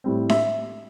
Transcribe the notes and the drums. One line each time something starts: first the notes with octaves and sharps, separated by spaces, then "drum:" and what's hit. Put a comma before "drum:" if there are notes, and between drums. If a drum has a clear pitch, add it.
A2 G3 C4
E5, drum: snare D4